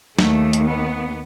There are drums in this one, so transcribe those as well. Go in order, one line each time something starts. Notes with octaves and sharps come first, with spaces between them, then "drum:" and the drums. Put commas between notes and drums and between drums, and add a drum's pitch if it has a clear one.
D#2 D#3 A3, drum: snare
drum: hi-hat
B3